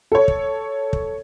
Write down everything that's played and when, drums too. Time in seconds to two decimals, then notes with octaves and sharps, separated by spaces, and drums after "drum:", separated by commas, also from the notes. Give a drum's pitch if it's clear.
0.12 A4 C#5
0.28 drum: kick
0.93 drum: kick